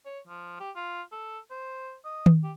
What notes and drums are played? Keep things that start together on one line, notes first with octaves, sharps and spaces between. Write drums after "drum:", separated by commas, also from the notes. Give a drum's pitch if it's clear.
C#5
F3
G4
F4
A4
C5
D#5
drum: tom D#3
G4